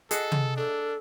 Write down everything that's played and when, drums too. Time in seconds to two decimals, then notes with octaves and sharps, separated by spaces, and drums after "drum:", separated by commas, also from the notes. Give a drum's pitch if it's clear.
0.11 G#4 A4 D#5 F#5, drum: hi-hat
0.32 drum: tom
0.56 D4 A4